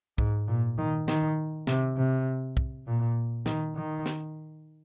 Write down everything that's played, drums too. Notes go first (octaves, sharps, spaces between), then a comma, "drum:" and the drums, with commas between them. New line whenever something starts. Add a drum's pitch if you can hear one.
G#2, drum: kick
A#2
D#3
D#3, drum: snare
C3, drum: snare
C3
drum: kick
A#2
D#3, drum: snare
D#3
drum: snare